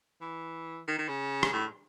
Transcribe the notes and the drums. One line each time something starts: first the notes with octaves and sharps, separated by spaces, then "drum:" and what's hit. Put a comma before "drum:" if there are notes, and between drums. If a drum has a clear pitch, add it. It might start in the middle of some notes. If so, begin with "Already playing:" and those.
E3
D#3
D#3
C#3
drum: rim click
A2